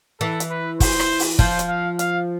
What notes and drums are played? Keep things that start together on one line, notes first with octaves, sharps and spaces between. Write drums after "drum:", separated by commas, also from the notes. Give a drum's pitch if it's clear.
E3 A4
drum: hi-hat
B4
C5, drum: kick, open hi-hat
drum: rim click
drum: open hi-hat
F3 C5, drum: kick
drum: hi-hat
F5
F5, drum: hi-hat